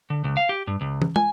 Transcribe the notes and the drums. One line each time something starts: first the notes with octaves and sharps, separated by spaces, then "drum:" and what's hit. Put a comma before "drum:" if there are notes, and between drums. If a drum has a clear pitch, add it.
D3
C#2
F5
G4
G2
C#2
drum: tom
G#5, drum: tom